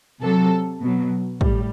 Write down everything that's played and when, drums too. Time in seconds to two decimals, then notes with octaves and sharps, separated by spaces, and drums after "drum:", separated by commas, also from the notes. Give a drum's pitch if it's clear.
0.22 C3 F#3 A4
0.81 B2 F#3
1.41 A2 G3, drum: kick